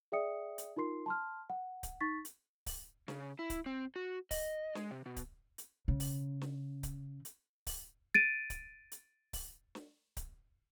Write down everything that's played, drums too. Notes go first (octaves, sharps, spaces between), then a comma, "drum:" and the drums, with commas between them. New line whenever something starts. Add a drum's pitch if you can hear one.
G#4 D5 E5 G5 D#6 C#7
drum: hi-hat
D#4 F4 A#4 C6 C7
A5 C6 F6
F#5
drum: kick C#1, hi-hat
D#4 C#6 A6 B6
drum: hi-hat
drum: kick C#1, open hi-hat
C#3, drum: snare
E4
drum: kick C#1, hi-hat
C4
F#4
D#5, drum: kick C#1, open hi-hat
G#3, drum: snare
C3
B2
drum: kick C#1, hi-hat
drum: hi-hat
C#3
drum: kick C#1, open hi-hat
drum: snare
drum: kick C#1, hi-hat
drum: hi-hat
drum: kick C#1, open hi-hat
A6 D7 D#7
drum: kick C#1, hi-hat
drum: hi-hat
drum: kick C#1, open hi-hat
drum: snare
drum: kick C#1, hi-hat